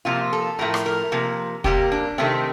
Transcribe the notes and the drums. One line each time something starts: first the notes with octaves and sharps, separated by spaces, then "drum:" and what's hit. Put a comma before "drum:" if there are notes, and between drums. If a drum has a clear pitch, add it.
C3 F3 A#3 F4
A4
A2 F3 A3 A#4
drum: rim click
A#4
C3 F3 A#3
C3 G3 A#3 G4, drum: kick
D4
C3 D#3 A3 C4